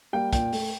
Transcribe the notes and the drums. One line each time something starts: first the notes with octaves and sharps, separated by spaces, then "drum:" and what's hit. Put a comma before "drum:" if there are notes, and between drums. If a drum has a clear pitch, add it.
G3 A#3 G5
A#2 G5, drum: kick, hi-hat
A3, drum: open hi-hat